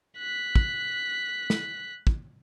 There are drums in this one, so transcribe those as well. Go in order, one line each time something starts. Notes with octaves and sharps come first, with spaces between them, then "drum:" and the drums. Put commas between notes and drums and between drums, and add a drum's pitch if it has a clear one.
F#6 B6
drum: kick
drum: snare
drum: kick